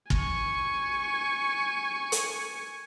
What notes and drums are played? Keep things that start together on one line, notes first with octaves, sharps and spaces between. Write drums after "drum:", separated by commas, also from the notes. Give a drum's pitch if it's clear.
G#5 C#6, drum: kick
drum: hi-hat